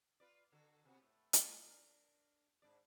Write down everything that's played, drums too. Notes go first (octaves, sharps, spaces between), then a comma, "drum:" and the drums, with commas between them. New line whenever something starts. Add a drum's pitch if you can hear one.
F4 B4 D5
D3 F#4 A4
C3 B3 F#4
A2 A3
drum: hi-hat
D4 A#4
G#2 D4 D5